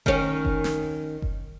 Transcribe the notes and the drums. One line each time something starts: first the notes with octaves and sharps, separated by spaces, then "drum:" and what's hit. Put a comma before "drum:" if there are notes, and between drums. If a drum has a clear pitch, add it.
D#3 C#4, drum: kick F#1
drum: kick F#1
drum: snare
drum: kick F#1